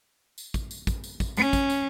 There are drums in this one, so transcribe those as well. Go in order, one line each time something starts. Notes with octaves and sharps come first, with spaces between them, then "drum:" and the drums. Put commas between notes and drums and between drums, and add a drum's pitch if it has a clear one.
drum: tambourine
drum: kick, tambourine
drum: tambourine
drum: kick, tambourine
drum: tambourine
drum: kick, tambourine
C#4, drum: tambourine
drum: kick, tambourine
drum: tambourine